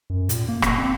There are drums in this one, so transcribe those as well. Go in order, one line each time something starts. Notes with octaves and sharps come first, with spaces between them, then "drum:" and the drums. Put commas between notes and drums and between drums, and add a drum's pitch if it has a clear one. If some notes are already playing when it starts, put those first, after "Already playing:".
F#2
A#2, drum: hi-hat
A#3
F#1, drum: rim click
C4